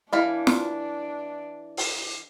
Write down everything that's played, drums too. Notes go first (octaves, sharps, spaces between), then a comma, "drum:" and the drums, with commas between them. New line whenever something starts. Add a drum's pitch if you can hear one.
E3 D4 E4 F5
drum: snare
drum: open hi-hat